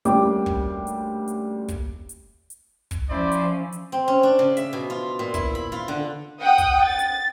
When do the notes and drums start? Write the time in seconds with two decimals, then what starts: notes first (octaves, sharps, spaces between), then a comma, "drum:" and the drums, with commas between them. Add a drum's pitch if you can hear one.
0.05 D2 G3 A#3 C#4 G5 D6, drum: hi-hat
0.46 drum: kick
0.87 drum: hi-hat
1.28 drum: hi-hat
1.69 drum: kick, hi-hat
2.09 drum: hi-hat
2.50 drum: hi-hat
2.91 drum: kick, hi-hat
3.08 F3 C#4 E4 C5 D5
3.32 drum: hi-hat
3.73 drum: hi-hat
3.92 C4
4.08 C#4
4.23 D4
4.39 C#3
4.57 E5, drum: hi-hat
4.73 B2
4.90 F4
5.19 A#2
5.34 E4, drum: kick, hi-hat
5.55 B5
5.72 F4
5.88 D3
6.40 F#5 G5 D#6
6.58 drum: kick, hi-hat
6.85 A6
6.99 drum: hi-hat